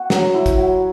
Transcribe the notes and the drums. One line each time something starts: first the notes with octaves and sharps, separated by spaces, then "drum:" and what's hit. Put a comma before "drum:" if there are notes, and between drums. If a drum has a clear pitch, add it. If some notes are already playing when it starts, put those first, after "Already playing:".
Already playing: B3 F#4
F#3, drum: snare
E4
drum: kick, hi-hat
F#3